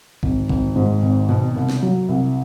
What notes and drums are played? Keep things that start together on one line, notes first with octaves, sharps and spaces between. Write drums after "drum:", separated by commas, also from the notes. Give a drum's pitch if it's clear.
G#1, drum: kick
G#1, drum: kick
G#2
G#1
B2, drum: tom G2
C2
drum: snare
F#3
C2